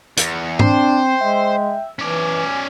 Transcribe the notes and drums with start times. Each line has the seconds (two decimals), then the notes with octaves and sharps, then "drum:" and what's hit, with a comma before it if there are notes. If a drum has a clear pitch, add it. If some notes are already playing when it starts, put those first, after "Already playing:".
0.17 E2 C#7, drum: hi-hat
0.59 C4 D4 C5 G5, drum: tom G#2
1.21 G#3 E5
1.99 E3 C#4 D5 G#5